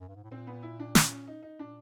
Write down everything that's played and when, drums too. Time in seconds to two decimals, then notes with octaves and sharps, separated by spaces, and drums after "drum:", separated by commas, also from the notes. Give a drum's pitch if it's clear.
0.01 F#2
0.09 G2
0.16 G#2
0.24 A2
0.31 A#2 C4
0.47 B3
0.63 E4
0.80 D4
0.95 C#4, drum: snare
1.11 C#4
1.27 D#4
1.43 D#4
1.59 A#2 D4